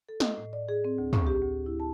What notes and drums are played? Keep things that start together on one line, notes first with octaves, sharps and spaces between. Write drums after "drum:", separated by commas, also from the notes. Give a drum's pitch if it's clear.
A4
D#5, drum: snare
A2
D5
G#4
C4
D2
C#6, drum: tom
G4
D2
E4
A5